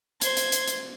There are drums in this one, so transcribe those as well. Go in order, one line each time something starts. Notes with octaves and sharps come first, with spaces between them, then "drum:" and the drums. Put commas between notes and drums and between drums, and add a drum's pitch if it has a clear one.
C5 G#6, drum: hi-hat
drum: hi-hat
drum: hi-hat
drum: hi-hat